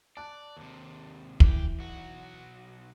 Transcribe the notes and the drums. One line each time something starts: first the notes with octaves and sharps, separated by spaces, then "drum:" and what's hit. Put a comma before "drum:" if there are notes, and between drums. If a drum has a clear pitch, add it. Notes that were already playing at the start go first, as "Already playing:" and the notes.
D5 A5 F#6
D#2 C3
E3 G4, drum: kick
B1 F#4